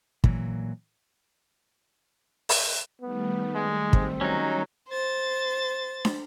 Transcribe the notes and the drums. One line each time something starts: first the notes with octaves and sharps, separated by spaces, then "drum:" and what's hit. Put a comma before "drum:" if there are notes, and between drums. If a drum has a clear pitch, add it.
A#2 E3 F#3, drum: kick
drum: open hi-hat
D#3 G3 A3 B3
G#3
C4, drum: kick
F#3 C#4 D#4
C5 A6
drum: snare